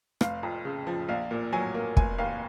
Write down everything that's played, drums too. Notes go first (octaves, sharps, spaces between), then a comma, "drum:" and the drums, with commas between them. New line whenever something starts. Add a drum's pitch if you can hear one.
F1 F5, drum: rim click
F2
C#3
F3
A#1 F5
A#2
F#3 G#5
A#3
F1 G#5, drum: kick
D#2 F5